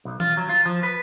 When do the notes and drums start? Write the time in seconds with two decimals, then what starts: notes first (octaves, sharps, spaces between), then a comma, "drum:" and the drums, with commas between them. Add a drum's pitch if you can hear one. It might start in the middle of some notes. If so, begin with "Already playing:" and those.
0.05 B1
0.20 F4, drum: tom E3
0.37 F#3
0.49 F4
0.66 F3
0.83 B4